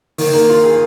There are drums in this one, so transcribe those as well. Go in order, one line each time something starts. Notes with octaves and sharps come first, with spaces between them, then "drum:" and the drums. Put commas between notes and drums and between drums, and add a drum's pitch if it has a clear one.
D#3, drum: open hi-hat
A#3
F4
G#4